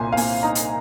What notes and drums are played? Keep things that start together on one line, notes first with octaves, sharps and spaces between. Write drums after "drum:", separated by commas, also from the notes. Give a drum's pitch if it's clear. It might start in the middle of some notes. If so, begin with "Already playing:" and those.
Already playing: C2 A#2 C5 G#5
F5
A#3 G#5, drum: open hi-hat
D#4 A#5
drum: hi-hat